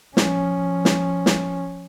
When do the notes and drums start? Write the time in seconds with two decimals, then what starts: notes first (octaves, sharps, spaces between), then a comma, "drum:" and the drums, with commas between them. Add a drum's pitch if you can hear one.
0.17 F3 C#4, drum: snare
0.85 drum: snare
1.26 drum: snare